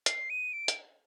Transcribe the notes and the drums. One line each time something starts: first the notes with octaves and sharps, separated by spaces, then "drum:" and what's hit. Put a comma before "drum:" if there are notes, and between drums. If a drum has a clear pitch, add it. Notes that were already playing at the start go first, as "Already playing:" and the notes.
C7, drum: hi-hat
D#7
D7
drum: hi-hat